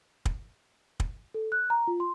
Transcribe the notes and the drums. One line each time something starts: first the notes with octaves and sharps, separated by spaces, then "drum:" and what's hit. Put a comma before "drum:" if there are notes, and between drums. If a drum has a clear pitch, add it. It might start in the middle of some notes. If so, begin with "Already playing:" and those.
drum: kick
drum: kick
A4
F#6
A#5
F4
C6